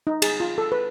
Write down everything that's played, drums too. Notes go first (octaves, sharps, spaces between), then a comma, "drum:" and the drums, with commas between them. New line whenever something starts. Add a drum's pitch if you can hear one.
D#4
G#4, drum: cymbal
F4
A4
B4